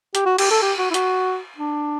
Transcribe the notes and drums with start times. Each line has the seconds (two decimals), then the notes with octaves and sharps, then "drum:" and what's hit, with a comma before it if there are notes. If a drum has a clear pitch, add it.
0.15 G4, drum: hi-hat
0.26 F#4
0.38 G4, drum: cymbal
0.51 A4
0.62 G4
0.78 F#4
0.90 E4
0.94 F#4, drum: hi-hat
1.58 D4